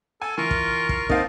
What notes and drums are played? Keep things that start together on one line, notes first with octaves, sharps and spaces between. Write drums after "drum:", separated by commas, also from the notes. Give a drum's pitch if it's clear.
A4 G#5
E3 F4 A#4 C#6
drum: kick
F4, drum: kick
A#3 C4 D#4 D#5 F5 A5, drum: kick